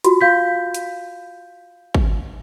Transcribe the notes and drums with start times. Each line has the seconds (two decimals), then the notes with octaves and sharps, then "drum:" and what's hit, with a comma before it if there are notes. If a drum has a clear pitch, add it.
0.04 F4 F#4, drum: hi-hat
0.21 F5 G6 B6
0.74 drum: hi-hat
1.94 drum: kick G#1